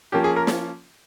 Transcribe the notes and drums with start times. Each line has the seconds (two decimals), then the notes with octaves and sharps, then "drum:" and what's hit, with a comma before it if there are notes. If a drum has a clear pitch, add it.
0.12 F3 A#3 C#4 G4
0.24 G#4
0.36 A#4
0.47 drum: snare